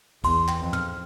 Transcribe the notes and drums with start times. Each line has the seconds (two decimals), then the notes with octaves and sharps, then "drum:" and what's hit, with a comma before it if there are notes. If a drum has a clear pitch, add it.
0.24 E2 C6, drum: kick, cymbal
0.48 G5, drum: clap
0.61 F2
0.73 F6, drum: tom